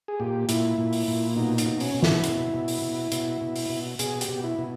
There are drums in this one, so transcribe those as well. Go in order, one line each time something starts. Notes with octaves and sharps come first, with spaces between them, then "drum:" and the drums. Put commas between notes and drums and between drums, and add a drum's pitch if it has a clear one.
G#4
A#2 G4
A#2 E4, drum: hi-hat
A#2
drum: open hi-hat
A#2
B2 D#4
D#4, drum: hi-hat
B2
C#4, drum: open hi-hat
B2
E4, drum: snare
B2, drum: hi-hat
B2
drum: open hi-hat
B2
B2, drum: hi-hat
B2
drum: open hi-hat
B2
B2 G#4, drum: hi-hat
G4, drum: hi-hat
B2
E4
B2